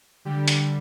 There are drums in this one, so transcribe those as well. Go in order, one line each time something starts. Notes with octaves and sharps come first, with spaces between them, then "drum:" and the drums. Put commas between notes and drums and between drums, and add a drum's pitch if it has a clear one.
D3 G3 G4
drum: hi-hat